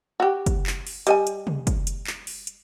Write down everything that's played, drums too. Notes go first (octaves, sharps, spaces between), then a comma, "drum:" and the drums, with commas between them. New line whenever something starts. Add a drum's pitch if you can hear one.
F#4 G4
drum: kick, hi-hat
drum: clap
drum: open hi-hat
G3 D#5 G#5, drum: hi-hat
drum: hi-hat
drum: tom C3
drum: kick, hi-hat
drum: hi-hat
drum: clap
drum: open hi-hat
drum: hi-hat